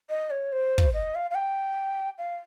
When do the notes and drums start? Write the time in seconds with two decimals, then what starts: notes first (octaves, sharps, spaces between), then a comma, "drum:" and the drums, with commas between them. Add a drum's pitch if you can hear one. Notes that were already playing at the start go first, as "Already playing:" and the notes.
0.10 D#5
0.30 C#5
0.52 C5
0.78 drum: kick
0.94 D#5
1.15 F5
1.31 F5
1.35 G5
2.18 F5